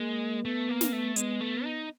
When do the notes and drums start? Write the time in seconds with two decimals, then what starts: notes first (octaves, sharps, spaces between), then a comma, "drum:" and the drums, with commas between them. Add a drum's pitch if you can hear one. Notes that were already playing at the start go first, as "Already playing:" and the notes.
Already playing: G#3 A#3
0.45 A3 B3
0.69 A#3
0.81 drum: snare
0.93 A3
1.16 G#3 B3, drum: hi-hat
1.41 A3
1.64 D#4